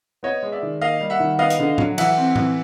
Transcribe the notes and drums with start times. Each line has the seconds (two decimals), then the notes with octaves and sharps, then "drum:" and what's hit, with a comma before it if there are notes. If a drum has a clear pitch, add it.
0.23 B3 C#5 D#5
0.43 G#3
0.52 D5 E5
0.63 D#3
0.81 A#3 D#5 F5
1.01 G3
1.10 E5 F#5
1.20 D#3
1.39 B3 D#5 F5
1.50 drum: hi-hat
1.59 D3
1.78 F#3, drum: tom
1.98 E3 E5 F#5, drum: cymbal
2.17 C4
2.36 E3, drum: tom